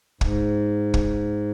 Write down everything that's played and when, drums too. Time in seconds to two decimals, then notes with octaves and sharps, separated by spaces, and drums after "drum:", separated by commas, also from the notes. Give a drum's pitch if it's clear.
0.21 G#2, drum: kick
0.94 drum: kick